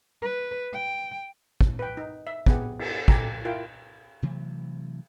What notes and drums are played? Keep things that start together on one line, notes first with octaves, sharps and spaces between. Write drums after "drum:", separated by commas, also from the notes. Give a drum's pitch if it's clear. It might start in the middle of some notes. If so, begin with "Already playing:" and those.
B4
G5
drum: kick
B4 G5
D#4
E5
B3 G4 G#4 F#5, drum: kick
drum: cymbal
G4 A4 G#5 A#5, drum: kick
E4 F4 A#4 G5
C3 E3 F#3 A3